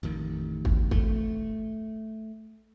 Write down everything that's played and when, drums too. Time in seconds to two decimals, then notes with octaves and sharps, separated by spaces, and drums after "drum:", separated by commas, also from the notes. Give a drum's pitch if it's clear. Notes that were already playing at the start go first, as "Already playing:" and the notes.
0.03 A1 F2 D#3
0.65 drum: kick
0.91 A3, drum: kick